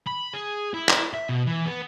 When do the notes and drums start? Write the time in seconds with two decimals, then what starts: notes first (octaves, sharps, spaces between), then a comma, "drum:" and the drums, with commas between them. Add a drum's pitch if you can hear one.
0.07 B5
0.34 G#4
0.74 E4
0.89 drum: clap
1.14 E5
1.29 B2
1.46 E3
1.66 B3